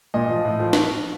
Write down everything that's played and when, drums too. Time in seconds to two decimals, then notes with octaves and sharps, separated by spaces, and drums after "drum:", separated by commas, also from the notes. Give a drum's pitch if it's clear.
0.14 A#2 D#5
0.29 F3
0.45 A2
0.59 F3
0.73 drum: snare